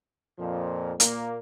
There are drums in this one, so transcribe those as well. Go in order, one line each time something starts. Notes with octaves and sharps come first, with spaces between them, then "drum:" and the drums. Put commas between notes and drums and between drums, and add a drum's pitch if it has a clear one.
F2 A#2 F3
A#2 A#3, drum: hi-hat